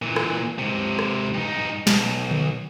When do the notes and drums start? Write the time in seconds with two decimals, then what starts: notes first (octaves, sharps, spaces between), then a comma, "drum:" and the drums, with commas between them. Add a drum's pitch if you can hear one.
0.02 A#2 E3
0.16 drum: rim click
0.59 G#2 C3
0.99 drum: rim click
1.34 G2 D#4
1.87 B1, drum: snare
2.31 drum: tom D3